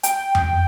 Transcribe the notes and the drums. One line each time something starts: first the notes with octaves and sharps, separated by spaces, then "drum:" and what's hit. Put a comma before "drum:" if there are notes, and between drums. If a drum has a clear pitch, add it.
G5, drum: hi-hat
drum: tom F2